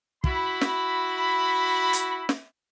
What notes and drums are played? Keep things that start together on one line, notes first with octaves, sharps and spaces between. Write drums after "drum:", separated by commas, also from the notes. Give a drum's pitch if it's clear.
E4 F#4 B5, drum: kick
drum: snare
drum: hi-hat
drum: snare